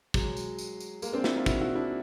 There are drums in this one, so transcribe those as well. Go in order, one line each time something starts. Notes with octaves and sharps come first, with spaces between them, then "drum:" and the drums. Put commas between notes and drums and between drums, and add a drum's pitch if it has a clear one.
F#3 G#3, drum: kick, tambourine
drum: tambourine
drum: tambourine
drum: tambourine
G#3 A#3, drum: tambourine
C4 D4
D4 E4, drum: snare
D#4 F4
E4 F#4, drum: kick, tambourine
E4 F#4
D4 E4